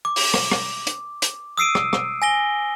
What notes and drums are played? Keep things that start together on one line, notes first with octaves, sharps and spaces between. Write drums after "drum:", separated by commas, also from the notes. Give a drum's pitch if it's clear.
D6
drum: open hi-hat
drum: rim click
drum: rim click
drum: hi-hat
drum: hi-hat
D#6 E6 C7 D7 D#7
drum: rim click
drum: rim click
G#5 A#6 G7